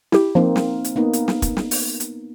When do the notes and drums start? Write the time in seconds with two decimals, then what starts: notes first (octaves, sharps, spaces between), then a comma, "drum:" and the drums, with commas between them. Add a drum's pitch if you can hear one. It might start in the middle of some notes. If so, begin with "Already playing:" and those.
0.12 E4 G4, drum: snare
0.35 F3 A#3 C4 D#4
0.56 drum: snare
0.84 drum: hi-hat
0.96 A#3 B3 D#4
1.13 drum: hi-hat
1.28 drum: snare
1.42 drum: kick, hi-hat
1.57 drum: snare
1.71 drum: open hi-hat
2.00 drum: hi-hat